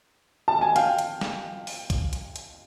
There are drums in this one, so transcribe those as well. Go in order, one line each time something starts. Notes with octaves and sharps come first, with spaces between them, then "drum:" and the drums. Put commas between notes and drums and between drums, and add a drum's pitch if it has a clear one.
A5
G#5
F5 G5, drum: hi-hat
drum: hi-hat
drum: snare
drum: open hi-hat
drum: kick, hi-hat
drum: hi-hat
drum: hi-hat